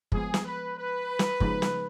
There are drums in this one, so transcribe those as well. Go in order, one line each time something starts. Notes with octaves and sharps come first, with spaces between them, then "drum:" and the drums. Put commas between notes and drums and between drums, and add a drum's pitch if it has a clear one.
F3 G#3 B3 G#4, drum: kick
drum: snare
B4
B4
drum: snare
C#3 F3 G#3 B3 D#4, drum: kick
drum: snare